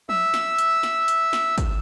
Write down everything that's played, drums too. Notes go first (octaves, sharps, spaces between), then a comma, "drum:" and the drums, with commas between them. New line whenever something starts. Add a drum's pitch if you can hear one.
E5 E6, drum: tom F3
drum: snare
drum: hi-hat
drum: snare
drum: hi-hat
drum: snare
drum: kick, hi-hat